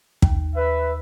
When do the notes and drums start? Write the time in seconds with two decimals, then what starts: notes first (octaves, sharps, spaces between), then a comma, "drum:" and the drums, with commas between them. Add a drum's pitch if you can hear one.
0.22 D#2, drum: kick
0.55 B4 E5